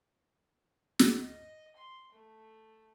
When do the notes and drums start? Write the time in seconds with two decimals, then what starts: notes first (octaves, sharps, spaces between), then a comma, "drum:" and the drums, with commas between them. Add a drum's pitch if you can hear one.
0.99 drum: snare
1.19 D#5
1.77 C6
2.13 A3